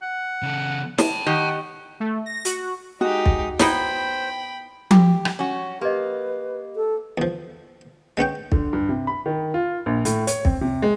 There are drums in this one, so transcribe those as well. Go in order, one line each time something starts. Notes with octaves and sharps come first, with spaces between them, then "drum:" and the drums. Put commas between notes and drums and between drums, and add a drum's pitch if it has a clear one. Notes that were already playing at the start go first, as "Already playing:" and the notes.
F#5
C#3 A4
G5 A5, drum: snare
D#3 G4 D#5 F#5
A3
A#6
F#4, drum: hi-hat
G#3 D#4 F#4 G4 D#6
drum: kick
B3 D#4 E4 C5 G5 B5, drum: snare
G4, drum: tom F3
drum: rim click
C#4 F#4
A#3 G4 B4 D#5
A4
E2 F3
G#3 B3 C#4 G5
D3, drum: kick
G2
C3
B5
D#3
F4
A#1
A2, drum: hi-hat
C#5, drum: hi-hat
C4, drum: kick
C3
G#3